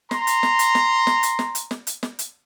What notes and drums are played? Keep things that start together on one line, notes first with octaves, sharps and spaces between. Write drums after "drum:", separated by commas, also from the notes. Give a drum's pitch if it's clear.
A#5 C6, drum: snare
drum: hi-hat
drum: snare
drum: hi-hat
drum: snare
drum: snare
drum: hi-hat
drum: snare
drum: hi-hat
drum: snare
drum: hi-hat
drum: snare
drum: hi-hat